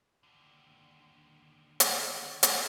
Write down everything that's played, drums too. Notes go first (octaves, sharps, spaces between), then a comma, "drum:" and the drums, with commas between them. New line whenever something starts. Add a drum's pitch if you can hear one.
D#2 D3
drum: hi-hat
drum: hi-hat